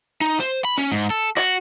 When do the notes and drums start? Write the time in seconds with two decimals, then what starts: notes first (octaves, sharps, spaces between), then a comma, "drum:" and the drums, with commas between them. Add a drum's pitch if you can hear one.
0.21 D#4
0.40 C5, drum: hi-hat
0.65 B5
0.78 C#4, drum: hi-hat
0.92 G#2
1.10 A4
1.37 F#4, drum: rim click